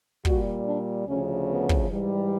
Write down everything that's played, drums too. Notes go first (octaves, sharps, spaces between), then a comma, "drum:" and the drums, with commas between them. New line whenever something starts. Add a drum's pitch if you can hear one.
A#2 G3 F#4, drum: kick
D4
D2 C#3 F3 C#4
B3
drum: kick
G#2 E3 G3